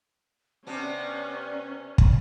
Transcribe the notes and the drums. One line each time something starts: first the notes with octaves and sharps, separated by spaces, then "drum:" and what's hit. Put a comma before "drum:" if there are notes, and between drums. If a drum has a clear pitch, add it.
C3 B3 C#4 D4 G4 D5
drum: kick